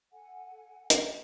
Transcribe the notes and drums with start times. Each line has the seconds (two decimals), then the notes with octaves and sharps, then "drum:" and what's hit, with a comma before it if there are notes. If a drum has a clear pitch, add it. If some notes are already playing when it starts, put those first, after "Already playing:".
0.12 A4 F#5 G#5
0.90 drum: hi-hat